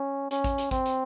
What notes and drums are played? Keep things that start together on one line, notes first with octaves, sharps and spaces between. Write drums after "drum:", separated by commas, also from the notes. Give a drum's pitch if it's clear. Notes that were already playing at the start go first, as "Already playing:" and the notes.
Already playing: C#4
C#4, drum: hi-hat
drum: kick A1, hi-hat
drum: hi-hat
C4, drum: kick A1, hi-hat
drum: hi-hat